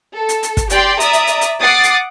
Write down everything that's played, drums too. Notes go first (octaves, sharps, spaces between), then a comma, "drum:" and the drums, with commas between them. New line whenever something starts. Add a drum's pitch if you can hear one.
A4
drum: hi-hat
drum: hi-hat
drum: kick, hi-hat
G4 D5 G5 C6, drum: hi-hat
D5 E5 A#5 D#6, drum: hi-hat
drum: hi-hat
drum: hi-hat
drum: hi-hat
F#5 D6 D#6 A6 C7
drum: hi-hat